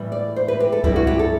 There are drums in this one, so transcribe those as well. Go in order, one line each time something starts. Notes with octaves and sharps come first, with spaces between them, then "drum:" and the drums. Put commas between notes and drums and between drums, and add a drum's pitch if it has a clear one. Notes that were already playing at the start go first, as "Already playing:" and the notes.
Already playing: A2 E3 G3
D5
C5
B4
G4
A4
G2 F#3 C4 E4 G4, drum: kick C#2
F#4
G4
A4